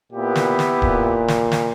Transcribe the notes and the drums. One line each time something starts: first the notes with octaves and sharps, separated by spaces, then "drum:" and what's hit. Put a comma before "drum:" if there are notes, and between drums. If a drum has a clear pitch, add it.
A#2 B3 E4 G4
drum: snare
drum: snare
A#2, drum: kick D1
drum: snare
drum: snare